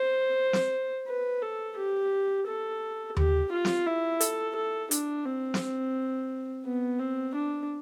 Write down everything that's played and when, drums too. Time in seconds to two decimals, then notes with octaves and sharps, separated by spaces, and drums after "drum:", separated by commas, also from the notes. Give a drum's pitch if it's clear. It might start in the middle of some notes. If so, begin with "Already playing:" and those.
Already playing: C5
0.53 drum: snare
1.07 B4
1.42 A4
1.77 G4
2.47 A4
3.17 G4, drum: tom D#2
3.51 F4
3.65 drum: snare
3.86 E4
4.21 A4, drum: hi-hat
4.55 A4
4.91 D4, drum: hi-hat
5.25 C4
5.54 drum: snare
6.65 B3
6.99 C4
7.34 D4